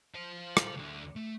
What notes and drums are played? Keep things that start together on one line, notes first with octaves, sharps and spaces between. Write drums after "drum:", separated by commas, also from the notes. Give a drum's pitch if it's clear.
C5 F5
drum: rim click
D2 D3
A3